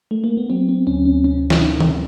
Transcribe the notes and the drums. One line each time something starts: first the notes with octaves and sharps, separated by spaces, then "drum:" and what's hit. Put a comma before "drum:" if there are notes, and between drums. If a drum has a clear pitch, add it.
A3
A#3
B3
F#3 C4
C4
D2 C#4
C#4
C3 C#4
E4, drum: snare
C3 D#4
drum: tom D#3